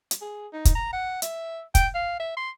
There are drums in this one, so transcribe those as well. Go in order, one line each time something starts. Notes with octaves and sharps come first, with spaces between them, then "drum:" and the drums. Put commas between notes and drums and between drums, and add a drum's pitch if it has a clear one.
drum: hi-hat
G#4
D#4
drum: kick, hi-hat
A#5
F#5
E5, drum: hi-hat
G5, drum: kick, hi-hat
F5
E5
C6